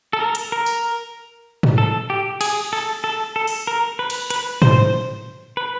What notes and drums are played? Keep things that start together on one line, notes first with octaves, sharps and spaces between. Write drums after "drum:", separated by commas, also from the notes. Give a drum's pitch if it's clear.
A4
A#4
drum: hi-hat
A#4
drum: tambourine
drum: tom G#2
A4
G4
G#4, drum: cymbal
A4
A4
A4
drum: open hi-hat
A#4
B4
drum: cymbal
B4, drum: hi-hat
C5, drum: tom G#2
B4